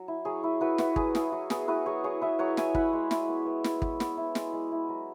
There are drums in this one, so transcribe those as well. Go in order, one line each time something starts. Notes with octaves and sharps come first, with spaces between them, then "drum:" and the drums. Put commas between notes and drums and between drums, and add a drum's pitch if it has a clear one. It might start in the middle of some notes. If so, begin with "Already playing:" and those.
Already playing: F#3
E4
F#3 G#4 C#5
E4
E4 F#4 B4
E4 F#4 B4, drum: snare
F#3 G#4, drum: kick
E4 G#4, drum: snare
F#3 F#4
B3 G#4, drum: snare
E4 F#4 B4
F#3 G#4 C#5
E4 G#4 C#5
E4 B4 E5
F#3 C#5 F#5
E4 E5 G#5, drum: snare
E4 F#5 B5, drum: kick
G#3
E4, drum: snare
B3
B3
E4, drum: snare
B3, drum: kick
B3, drum: snare
E4
G#3, drum: snare
G#3
E4
F#3